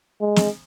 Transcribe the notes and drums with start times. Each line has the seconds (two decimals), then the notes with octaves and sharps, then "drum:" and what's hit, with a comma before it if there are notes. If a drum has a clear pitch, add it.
0.21 G#3
0.36 drum: snare